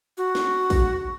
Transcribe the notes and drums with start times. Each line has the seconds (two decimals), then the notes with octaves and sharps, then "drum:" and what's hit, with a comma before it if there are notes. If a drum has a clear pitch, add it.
0.17 F#4
0.35 drum: snare
0.70 drum: kick, open hi-hat